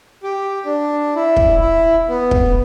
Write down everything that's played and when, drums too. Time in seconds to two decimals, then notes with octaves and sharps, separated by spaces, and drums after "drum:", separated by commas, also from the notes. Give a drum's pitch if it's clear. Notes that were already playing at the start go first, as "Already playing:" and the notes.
0.23 G4
0.65 D4
1.15 E4
1.36 drum: kick
1.60 E4
2.09 B3
2.31 drum: kick